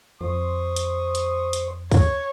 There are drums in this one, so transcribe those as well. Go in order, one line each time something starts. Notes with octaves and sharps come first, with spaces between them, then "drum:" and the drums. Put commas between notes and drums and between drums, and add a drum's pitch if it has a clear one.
F2 C5 C#6 D#6
drum: hi-hat
drum: hi-hat
drum: hi-hat
C#5, drum: kick, open hi-hat